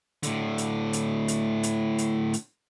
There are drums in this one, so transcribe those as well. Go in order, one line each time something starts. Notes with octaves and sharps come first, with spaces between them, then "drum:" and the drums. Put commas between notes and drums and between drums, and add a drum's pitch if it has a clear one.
A2 D3, drum: hi-hat
drum: hi-hat
drum: hi-hat
drum: hi-hat
drum: hi-hat
drum: hi-hat
drum: hi-hat